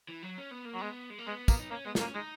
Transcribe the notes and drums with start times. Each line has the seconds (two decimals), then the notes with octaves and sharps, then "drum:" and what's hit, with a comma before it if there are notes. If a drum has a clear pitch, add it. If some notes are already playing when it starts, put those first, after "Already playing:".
0.09 E3
0.23 F#3
0.38 C#4
0.51 B3
0.65 A#3
0.74 F#3
0.79 G#3 B3
1.10 G#3
1.19 A#3
1.27 G#3 B3
1.48 A#3, drum: kick, tambourine
1.59 D#4
1.70 A#3 C#4
1.85 G#3 B3
1.95 B3, drum: snare
2.00 A#3 C#4
2.14 G#3 D#4